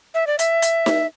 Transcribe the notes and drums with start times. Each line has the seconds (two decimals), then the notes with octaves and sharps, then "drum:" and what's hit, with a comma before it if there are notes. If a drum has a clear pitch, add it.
0.14 E5
0.27 D5
0.39 E5, drum: hi-hat
0.62 drum: hi-hat
0.86 drum: snare D#4